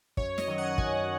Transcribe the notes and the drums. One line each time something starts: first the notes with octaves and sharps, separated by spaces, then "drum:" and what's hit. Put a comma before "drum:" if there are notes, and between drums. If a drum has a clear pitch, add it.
F#2 C#5, drum: kick
D#5, drum: snare
D#3 F#3
F#5
F#2 G#5, drum: kick